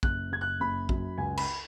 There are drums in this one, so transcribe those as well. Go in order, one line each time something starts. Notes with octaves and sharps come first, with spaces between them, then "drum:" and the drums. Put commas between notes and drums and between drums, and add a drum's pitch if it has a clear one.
F#1 F#6, drum: kick
F#1 G#6
F#6
F#1 B5
F#2, drum: kick
C#2 G#5
B5, drum: cymbal